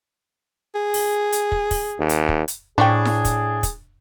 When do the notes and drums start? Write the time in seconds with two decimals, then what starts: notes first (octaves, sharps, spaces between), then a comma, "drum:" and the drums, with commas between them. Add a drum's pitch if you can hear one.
0.75 G#4
0.94 drum: open hi-hat
1.32 drum: hi-hat
1.52 drum: kick
1.71 drum: kick, open hi-hat
1.99 D#2
2.09 drum: hi-hat
2.29 drum: kick
2.48 drum: hi-hat
2.78 A2 F3 D4 G#4 G5 C#6
3.05 drum: snare E4
3.25 drum: kick, hi-hat
3.63 drum: kick, hi-hat